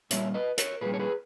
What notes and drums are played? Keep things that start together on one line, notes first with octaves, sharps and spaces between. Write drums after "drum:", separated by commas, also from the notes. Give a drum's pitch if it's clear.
A#2 G3 C#5 E5, drum: hi-hat
B4 D#5
A#4 C#5, drum: hi-hat
A#2 G3 G#4 B4
C#5
G#4 B4